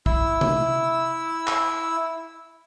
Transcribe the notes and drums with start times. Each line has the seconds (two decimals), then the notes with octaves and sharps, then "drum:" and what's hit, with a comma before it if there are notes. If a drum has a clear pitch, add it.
0.06 E4 E6, drum: kick
0.41 drum: tom C3
1.47 drum: clap